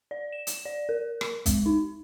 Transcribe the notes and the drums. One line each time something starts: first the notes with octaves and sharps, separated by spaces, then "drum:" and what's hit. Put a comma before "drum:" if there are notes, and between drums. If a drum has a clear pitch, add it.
D5
E7
drum: hi-hat
D5
A#4
drum: rim click
G#3, drum: kick, hi-hat
D#4